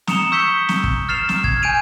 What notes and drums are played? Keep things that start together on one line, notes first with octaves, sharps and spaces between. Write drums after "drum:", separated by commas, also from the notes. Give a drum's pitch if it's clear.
A#5 D#6 C#7 E7 F7 G7, drum: snare
C#6 E6 G6 B6 C#7 G7
drum: snare
drum: kick
F6 A6 C7 E7 F7
drum: snare
F6 G#6, drum: kick
G#5 G6 D7 D#7 F7